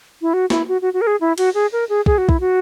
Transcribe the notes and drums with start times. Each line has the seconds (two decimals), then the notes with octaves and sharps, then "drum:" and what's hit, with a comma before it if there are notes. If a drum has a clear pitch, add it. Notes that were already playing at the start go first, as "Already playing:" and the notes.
0.22 E4
0.34 F#4
0.50 E4, drum: snare
0.68 F#4
0.82 F#4
0.94 F#4
1.01 A#4
1.07 G#4
1.21 E4
1.38 F#4, drum: cymbal
1.55 G#4
1.73 A#4
1.89 G#4
2.06 G#4, drum: kick
2.18 F#4
2.29 E4, drum: kick
2.40 F#4